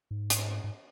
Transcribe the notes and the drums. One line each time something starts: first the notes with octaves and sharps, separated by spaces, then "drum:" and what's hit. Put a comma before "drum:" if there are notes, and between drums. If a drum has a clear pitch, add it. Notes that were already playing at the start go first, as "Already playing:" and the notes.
G#2
drum: hi-hat
G#2